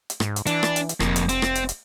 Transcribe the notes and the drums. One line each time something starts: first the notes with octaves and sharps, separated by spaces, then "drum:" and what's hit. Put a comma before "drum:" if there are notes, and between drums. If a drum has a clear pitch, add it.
drum: hi-hat
G#2, drum: rim click
drum: hi-hat
E3 D4, drum: hi-hat
drum: rim click
drum: hi-hat
drum: hi-hat
F1 F2 A#3, drum: rim click
drum: hi-hat
C4, drum: hi-hat
drum: rim click
drum: hi-hat
drum: hi-hat